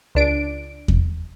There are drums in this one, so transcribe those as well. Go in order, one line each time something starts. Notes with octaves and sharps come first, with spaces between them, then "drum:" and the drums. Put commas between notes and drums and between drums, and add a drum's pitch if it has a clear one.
C#2 D4 D7
drum: kick E2